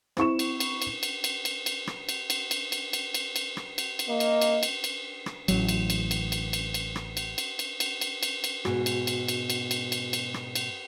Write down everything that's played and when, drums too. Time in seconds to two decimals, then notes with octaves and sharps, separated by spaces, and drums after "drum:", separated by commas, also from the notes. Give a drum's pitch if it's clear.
0.17 C4 E4 C#6 E7, drum: rim click
0.39 drum: cymbal
0.60 drum: cymbal
0.82 drum: cymbal
1.03 drum: cymbal
1.24 drum: cymbal
1.45 drum: cymbal
1.66 drum: cymbal
1.87 drum: rim click
2.09 drum: cymbal
2.30 drum: cymbal
2.51 drum: cymbal
2.72 drum: cymbal
2.93 drum: cymbal
3.14 drum: cymbal
3.36 drum: cymbal
3.57 drum: rim click
3.78 drum: cymbal
3.99 drum: cymbal
4.09 A#3 D#5
4.20 drum: cymbal
4.41 drum: cymbal
4.63 drum: cymbal
4.84 drum: cymbal
5.26 drum: rim click
5.48 A1 F#3, drum: cymbal
5.69 drum: cymbal
5.90 drum: cymbal
6.11 drum: cymbal
6.32 drum: cymbal
6.53 drum: cymbal
6.74 drum: cymbal
6.96 drum: rim click
7.17 drum: cymbal
7.38 drum: cymbal
7.59 drum: cymbal
7.80 drum: cymbal
8.01 drum: cymbal
8.23 drum: cymbal
8.44 drum: cymbal
8.65 G#2 B2 F#4, drum: rim click
8.86 drum: cymbal
9.07 drum: cymbal
9.28 drum: cymbal
9.50 drum: cymbal
9.71 drum: cymbal
9.92 drum: cymbal
10.13 drum: cymbal
10.34 drum: rim click
10.55 drum: cymbal